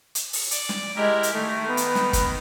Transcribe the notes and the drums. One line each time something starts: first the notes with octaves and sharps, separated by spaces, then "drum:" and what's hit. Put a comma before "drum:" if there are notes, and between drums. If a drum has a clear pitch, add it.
drum: hi-hat
drum: open hi-hat
D5, drum: hi-hat
drum: snare
G#3 E4 G4 A#4
drum: hi-hat
D#3 A3
B3
drum: hi-hat
drum: snare
drum: kick, hi-hat